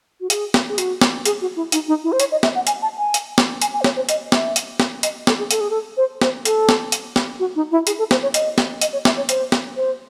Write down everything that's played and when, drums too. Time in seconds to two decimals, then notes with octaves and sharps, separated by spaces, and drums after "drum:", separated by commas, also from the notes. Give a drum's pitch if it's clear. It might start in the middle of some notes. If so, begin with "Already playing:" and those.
0.21 F#4
0.30 G#4, drum: hi-hat
0.54 drum: snare
0.69 G#4
0.78 F#4, drum: hi-hat
1.01 drum: snare
1.25 G#4, drum: hi-hat
1.41 F#4
1.56 E4
1.72 D#4, drum: hi-hat
1.88 D#4
2.04 E4
2.12 C5
2.20 C#5, drum: hi-hat
2.32 D#5
2.43 E5, drum: snare
2.55 F#5
2.67 G#5, drum: hi-hat
2.82 A5
2.98 G#5
3.14 drum: hi-hat
3.38 drum: snare
3.62 G#5, drum: hi-hat
3.74 G#5
3.81 C5
3.84 C#5, drum: snare
3.96 C5
4.09 D#5, drum: hi-hat
4.32 E5, drum: snare
4.56 drum: hi-hat
4.80 drum: snare
5.03 D#5, drum: hi-hat
5.27 A4, drum: snare
5.39 G#4
5.51 A4, drum: hi-hat
5.61 G#4
5.70 A4
5.97 C5
6.22 C5, drum: snare
6.45 A4, drum: hi-hat
6.69 drum: snare
6.92 drum: hi-hat
7.16 drum: snare
7.40 F#4
7.56 D#4
7.72 E4
7.87 G#4, drum: hi-hat
7.99 A4
8.11 C5, drum: snare
8.23 C#5
8.34 D#5, drum: hi-hat
8.58 drum: snare
8.81 D#5, drum: hi-hat
8.93 C#5
9.05 E5, drum: snare
9.17 C#5
9.29 C5, drum: hi-hat
9.52 drum: snare
9.76 C5